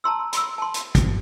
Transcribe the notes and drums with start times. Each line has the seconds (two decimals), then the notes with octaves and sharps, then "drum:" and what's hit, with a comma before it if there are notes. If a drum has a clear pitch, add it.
0.04 A5 A#5 C6 E6
0.33 B5 C6 E6, drum: hi-hat
0.58 A5 C6
0.74 drum: hi-hat
0.95 drum: kick, hi-hat